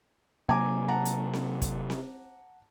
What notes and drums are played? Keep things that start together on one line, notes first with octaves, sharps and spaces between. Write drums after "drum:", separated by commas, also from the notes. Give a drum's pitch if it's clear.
C3 F#3 A#3 G#5 A#5 D6
F#5 A5 A#5
drum: hi-hat
drum: snare C4
drum: kick, hi-hat
drum: snare C4